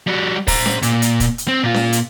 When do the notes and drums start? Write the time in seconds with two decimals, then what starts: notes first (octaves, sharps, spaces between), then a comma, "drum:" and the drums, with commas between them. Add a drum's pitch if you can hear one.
0.07 G3 F#4
0.48 C5 A#5, drum: kick, open hi-hat
0.66 drum: snare C#4
0.83 A#2, drum: hi-hat
1.02 drum: hi-hat
1.20 drum: kick, hi-hat
1.38 drum: hi-hat
1.48 C4
1.63 A#2 F4
1.74 drum: snare C#4
1.93 drum: hi-hat